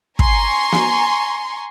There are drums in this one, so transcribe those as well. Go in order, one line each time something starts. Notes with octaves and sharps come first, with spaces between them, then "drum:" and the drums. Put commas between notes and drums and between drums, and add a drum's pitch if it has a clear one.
G#5 A#5 C6 C#6, drum: kick
drum: snare